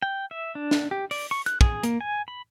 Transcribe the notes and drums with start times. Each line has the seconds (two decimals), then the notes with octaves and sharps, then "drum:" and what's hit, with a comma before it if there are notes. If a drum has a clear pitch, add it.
0.02 G5
0.31 E5
0.55 D4
0.71 drum: snare
0.91 G4
1.11 D5, drum: open hi-hat
1.31 C#6
1.46 F#6, drum: hi-hat
1.61 G#4, drum: kick
1.83 A#3, drum: hi-hat
2.01 G#5
2.28 B5